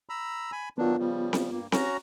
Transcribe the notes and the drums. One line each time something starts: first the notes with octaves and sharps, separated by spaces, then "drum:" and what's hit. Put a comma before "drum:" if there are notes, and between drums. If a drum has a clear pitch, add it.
A#5 B5 E6
G#5 B5
D#3 F#3 B3 D4 F4
C#3 F3 G3
drum: snare C4
G2 A#3
C#4 F#4 A#5, drum: snare C4